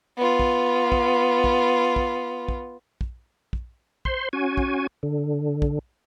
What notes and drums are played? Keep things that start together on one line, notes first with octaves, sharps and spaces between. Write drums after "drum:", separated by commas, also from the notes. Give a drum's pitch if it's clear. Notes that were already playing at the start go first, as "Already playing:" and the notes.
B3 F4
drum: kick
drum: kick
drum: kick
drum: kick
drum: kick
drum: kick
drum: kick
C5 C6, drum: kick
C#4 F#4 G#5
drum: kick
D3
drum: kick